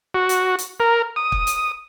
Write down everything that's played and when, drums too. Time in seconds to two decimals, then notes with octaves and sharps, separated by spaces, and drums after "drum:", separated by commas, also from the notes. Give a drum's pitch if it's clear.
0.14 F#4
0.29 drum: hi-hat
0.59 drum: hi-hat
0.80 A#4
1.16 D#6
1.32 drum: kick
1.47 drum: hi-hat